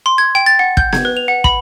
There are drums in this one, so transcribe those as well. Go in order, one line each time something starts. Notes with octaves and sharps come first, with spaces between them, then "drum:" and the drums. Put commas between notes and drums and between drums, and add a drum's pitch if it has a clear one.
C6
G#6
G5
A6
F#5
G6, drum: kick
G#6, drum: snare B3
B4
F7
F#5
B5, drum: kick